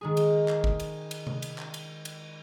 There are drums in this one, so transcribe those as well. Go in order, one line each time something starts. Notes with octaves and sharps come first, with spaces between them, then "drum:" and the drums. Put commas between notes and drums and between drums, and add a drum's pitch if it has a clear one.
D#3 G#3 G#4
drum: cymbal
drum: clap
drum: kick G1
drum: cymbal
drum: cymbal
drum: tom C3
drum: cymbal
drum: clap
drum: cymbal
drum: cymbal